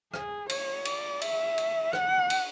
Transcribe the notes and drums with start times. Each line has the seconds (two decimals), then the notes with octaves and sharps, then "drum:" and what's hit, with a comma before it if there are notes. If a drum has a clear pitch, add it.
0.14 G#4, drum: rim click
0.49 C#5, drum: cymbal
0.85 D5, drum: cymbal
1.21 E5, drum: cymbal
1.58 drum: cymbal
1.93 F#5, drum: rim click
2.30 drum: cymbal